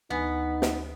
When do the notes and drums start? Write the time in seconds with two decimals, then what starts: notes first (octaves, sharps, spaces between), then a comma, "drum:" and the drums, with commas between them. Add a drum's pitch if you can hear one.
0.10 D2 E3 B3 D#4 G#5
0.62 drum: snare